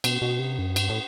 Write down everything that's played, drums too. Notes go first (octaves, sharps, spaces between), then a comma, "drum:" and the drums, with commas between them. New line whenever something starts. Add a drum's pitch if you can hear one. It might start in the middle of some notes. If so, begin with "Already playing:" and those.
B2, drum: cymbal
B2
C3
F#2
G2, drum: cymbal
A2